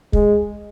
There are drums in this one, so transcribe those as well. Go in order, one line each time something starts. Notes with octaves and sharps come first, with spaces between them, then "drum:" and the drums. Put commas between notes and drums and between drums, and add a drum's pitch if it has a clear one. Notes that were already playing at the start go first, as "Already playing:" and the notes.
G#3, drum: kick